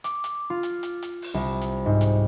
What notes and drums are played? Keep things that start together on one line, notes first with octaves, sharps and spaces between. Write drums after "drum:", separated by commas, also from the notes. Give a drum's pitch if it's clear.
D6, drum: hi-hat
drum: hi-hat
F4
drum: hi-hat
drum: hi-hat
drum: hi-hat
drum: open hi-hat
C2
drum: hi-hat
G#2
drum: hi-hat